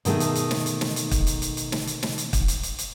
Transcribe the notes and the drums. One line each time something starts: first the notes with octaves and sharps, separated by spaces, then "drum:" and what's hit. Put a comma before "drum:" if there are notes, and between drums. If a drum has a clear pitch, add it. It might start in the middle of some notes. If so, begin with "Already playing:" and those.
B2 D#3 A3 G#4, drum: hi-hat
drum: hi-hat
drum: hi-hat
drum: snare
drum: hi-hat
drum: snare
drum: hi-hat
drum: kick, hi-hat
drum: hi-hat
drum: hi-hat
drum: hi-hat
drum: snare
drum: hi-hat
drum: snare
drum: hi-hat
drum: kick, hi-hat
drum: hi-hat
drum: hi-hat
drum: hi-hat